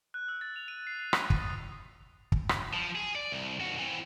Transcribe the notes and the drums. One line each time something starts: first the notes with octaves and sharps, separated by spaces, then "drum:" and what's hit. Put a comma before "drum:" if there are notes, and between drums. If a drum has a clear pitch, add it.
F#6
E6
A6
F7
D#7
C7
C7
F#6, drum: rim click
D#7, drum: kick
D#6
drum: kick
drum: rim click
F3
G#4
D5
C2
D#2 F#4
E3 C4